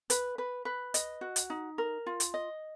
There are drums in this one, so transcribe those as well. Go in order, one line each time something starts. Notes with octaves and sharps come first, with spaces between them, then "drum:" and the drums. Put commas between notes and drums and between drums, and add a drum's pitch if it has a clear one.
B4, drum: hi-hat
B4
B4
D#5, drum: hi-hat
F#4
drum: hi-hat
D#4
A#4
F4
drum: hi-hat
D#5